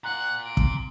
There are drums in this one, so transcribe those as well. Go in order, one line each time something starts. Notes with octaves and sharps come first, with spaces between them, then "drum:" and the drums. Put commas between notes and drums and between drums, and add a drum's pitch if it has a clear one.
F#5 A#5 C6
D7
drum: kick